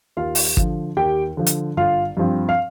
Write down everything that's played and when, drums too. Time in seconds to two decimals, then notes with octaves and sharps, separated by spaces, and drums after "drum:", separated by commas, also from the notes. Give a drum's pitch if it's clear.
0.17 D#2 F4 F5
0.35 drum: open hi-hat
0.57 D3 F3, drum: kick
0.97 D#2 G4 G5
1.37 D3 F3
1.47 drum: hi-hat
1.77 G1 F4 F5
2.17 G2 F3 C4
2.49 F5